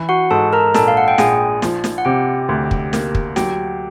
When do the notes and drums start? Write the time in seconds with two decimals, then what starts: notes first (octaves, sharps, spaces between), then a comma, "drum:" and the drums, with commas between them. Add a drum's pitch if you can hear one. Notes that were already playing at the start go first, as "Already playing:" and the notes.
Already playing: E3
0.09 F#4 F#5
0.31 G#2 A4 A5
0.53 A#4 A#5
0.74 A#1 A4 A5, drum: snare
0.88 F5
0.97 F#5
1.08 G5
1.18 A#1 G#4 G#5, drum: snare
1.62 F3, drum: snare
1.84 drum: snare
1.98 F#5
2.05 C3 G4 G5
2.49 D2
2.71 drum: kick
2.93 A#3, drum: snare
3.15 drum: kick
3.36 F#3 G4 G5, drum: snare